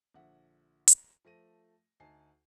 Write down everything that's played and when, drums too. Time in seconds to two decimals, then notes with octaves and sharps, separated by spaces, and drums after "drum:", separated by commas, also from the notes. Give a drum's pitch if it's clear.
0.14 A#1 D3 E5 F#5
0.88 drum: hi-hat
1.25 F3 A3 A#6 D#7
2.00 D2 D#4 G#5 A5 C7